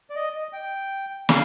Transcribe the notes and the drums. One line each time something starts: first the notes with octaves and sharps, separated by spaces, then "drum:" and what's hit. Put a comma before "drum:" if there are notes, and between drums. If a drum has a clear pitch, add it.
D5
D#5
D#5
G5
F5, drum: snare